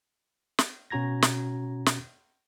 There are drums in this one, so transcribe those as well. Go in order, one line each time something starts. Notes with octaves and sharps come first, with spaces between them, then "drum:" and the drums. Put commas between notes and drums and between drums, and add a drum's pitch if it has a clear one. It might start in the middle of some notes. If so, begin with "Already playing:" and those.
drum: snare
B2 C#4 F#4 A#5 G#6 A#6
drum: snare
drum: snare